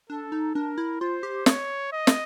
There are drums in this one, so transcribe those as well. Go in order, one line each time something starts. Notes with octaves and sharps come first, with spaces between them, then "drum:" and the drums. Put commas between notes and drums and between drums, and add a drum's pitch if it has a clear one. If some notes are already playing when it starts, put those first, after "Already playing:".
D4 A4
D#4
D4 A#4
E4
F4 C5
G4
C#5, drum: snare
D#5
drum: snare